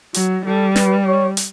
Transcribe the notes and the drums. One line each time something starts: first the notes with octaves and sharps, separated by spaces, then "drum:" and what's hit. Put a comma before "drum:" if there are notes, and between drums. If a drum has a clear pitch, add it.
F#3, drum: hi-hat
G3 A4
B4, drum: snare
C#5
drum: hi-hat